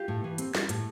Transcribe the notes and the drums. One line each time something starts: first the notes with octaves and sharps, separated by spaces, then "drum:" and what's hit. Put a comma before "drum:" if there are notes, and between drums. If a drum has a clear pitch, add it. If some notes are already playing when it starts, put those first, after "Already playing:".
Already playing: F4 G4
A2
E3
C4, drum: hi-hat
G3, drum: snare
A2, drum: hi-hat